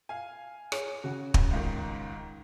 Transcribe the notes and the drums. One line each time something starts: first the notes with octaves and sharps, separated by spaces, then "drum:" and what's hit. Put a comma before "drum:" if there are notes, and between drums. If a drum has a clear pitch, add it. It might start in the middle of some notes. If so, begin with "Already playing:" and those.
F5 G#5
G#4 C#5, drum: rim click
C#3 F#4
drum: kick
C#2 G#2 D#3